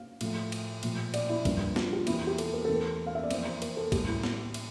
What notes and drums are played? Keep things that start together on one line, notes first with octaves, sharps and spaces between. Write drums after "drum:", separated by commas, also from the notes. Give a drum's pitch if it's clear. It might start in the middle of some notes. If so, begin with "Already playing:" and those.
Already playing: F5
A2 F3 A3, drum: cymbal
drum: cymbal
A#2 F3 A3, drum: cymbal
D5, drum: cymbal
E4
G2 F3 A#3, drum: kick, cymbal
F4, drum: snare
G4
F4
E2 E3 A#3 E4, drum: cymbal
G4
A4, drum: cymbal
A#4
E2 E3 A3 A4
A#4
F5
E5
D5
F2 E3 A#3 C5, drum: cymbal
C5
A#4, drum: cymbal
A4
A2 G3 A#3 G4, drum: kick, cymbal
E4
drum: snare
drum: cymbal